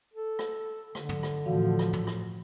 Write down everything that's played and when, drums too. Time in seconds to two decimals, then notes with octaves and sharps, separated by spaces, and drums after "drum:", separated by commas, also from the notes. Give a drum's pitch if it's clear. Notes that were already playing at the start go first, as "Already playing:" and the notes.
0.14 A4
0.39 drum: rim click
0.95 D3, drum: rim click
1.09 drum: tom
1.23 drum: rim click
1.46 A2 E3 F3 F#4 F5
1.79 drum: rim click
1.93 drum: tom
2.07 drum: rim click